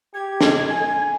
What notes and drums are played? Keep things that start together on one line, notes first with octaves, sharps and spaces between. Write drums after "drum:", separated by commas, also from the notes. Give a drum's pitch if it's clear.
G4 G#6
drum: snare
G#5